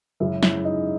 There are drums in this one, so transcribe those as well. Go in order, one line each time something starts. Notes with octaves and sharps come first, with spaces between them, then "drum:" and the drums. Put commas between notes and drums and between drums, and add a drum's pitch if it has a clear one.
F#2 C#3 G#3 E4 E5
E4 E5, drum: snare
D#4 D#5